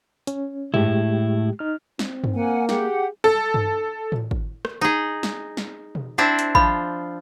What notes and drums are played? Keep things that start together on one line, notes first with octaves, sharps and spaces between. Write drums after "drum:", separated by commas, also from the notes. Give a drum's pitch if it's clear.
C#4, drum: hi-hat
A2 G#3 E4 G4, drum: tom G2
D#4 F6
C4, drum: snare
drum: tom G2
A#3 F#5 G#5
G4 G#4 F#5, drum: snare
A4
drum: tom G2
drum: tom A2
drum: kick
drum: rim click
D#4 G#4
drum: snare
drum: snare
drum: tom B2
C4 D4 E4
drum: hi-hat
F3 B5, drum: kick